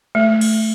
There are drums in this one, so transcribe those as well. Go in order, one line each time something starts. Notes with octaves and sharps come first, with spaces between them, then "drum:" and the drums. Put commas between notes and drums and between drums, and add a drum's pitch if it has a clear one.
A3
drum: cymbal